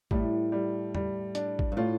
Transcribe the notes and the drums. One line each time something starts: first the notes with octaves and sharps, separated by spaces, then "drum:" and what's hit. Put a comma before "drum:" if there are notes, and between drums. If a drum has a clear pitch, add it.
A2 G3, drum: kick
G3
G3, drum: tom E2
D4, drum: hi-hat
drum: kick
G2
A2 F4